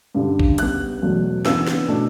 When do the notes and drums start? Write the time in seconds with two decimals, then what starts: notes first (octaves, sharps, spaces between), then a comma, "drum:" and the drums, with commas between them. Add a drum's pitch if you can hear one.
0.15 G2 D3 G3 D4
0.39 drum: kick A#1
0.58 C#3 G3 B3 F#6, drum: hi-hat
1.02 E2 B2 F#3 A3
1.45 C#3 E3 B3 D4 E6, drum: snare
1.67 drum: snare
1.88 B2 A3 D4